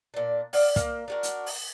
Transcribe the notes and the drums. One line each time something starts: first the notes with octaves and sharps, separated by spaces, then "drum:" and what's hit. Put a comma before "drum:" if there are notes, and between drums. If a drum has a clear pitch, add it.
A#2 D4
D5 F5 F#5, drum: open hi-hat
A#3, drum: kick, hi-hat
D4 F#4 A#4
drum: hi-hat
drum: open hi-hat